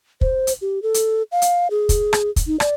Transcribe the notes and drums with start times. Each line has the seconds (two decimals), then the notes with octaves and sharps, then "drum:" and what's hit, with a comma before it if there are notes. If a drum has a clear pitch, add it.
0.21 C5, drum: kick
0.47 drum: hi-hat
0.62 G4
0.83 A4
0.94 drum: hi-hat
1.32 F5
1.42 drum: hi-hat
1.71 G#4
1.89 drum: kick, hi-hat
2.13 drum: rim click
2.36 drum: kick, hi-hat
2.47 D#4
2.60 D5, drum: rim click